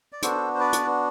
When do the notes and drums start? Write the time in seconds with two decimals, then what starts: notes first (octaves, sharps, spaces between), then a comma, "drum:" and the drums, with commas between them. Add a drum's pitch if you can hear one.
0.12 D5
0.22 B3 D4 F#4 A4 C5, drum: hi-hat
0.55 C5
0.60 B4 D5
0.73 drum: hi-hat